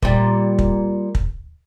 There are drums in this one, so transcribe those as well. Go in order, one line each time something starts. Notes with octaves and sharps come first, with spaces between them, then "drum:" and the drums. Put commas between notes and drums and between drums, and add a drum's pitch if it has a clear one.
A#2 G3, drum: kick
drum: kick
drum: kick